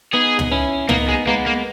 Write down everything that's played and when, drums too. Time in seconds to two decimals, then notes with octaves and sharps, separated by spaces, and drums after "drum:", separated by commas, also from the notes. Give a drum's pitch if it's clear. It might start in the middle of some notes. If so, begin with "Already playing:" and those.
0.13 B3 D#4 G#4
0.39 drum: tom C#2
0.52 C#4 E4
0.89 A#3 B3 D#4, drum: tom C#2
1.08 G#3
1.27 G#3 A#3 B3
1.46 A#3